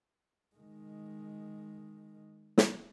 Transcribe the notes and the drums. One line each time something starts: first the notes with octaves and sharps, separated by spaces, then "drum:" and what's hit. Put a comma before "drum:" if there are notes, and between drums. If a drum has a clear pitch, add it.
D#3 G#3
drum: snare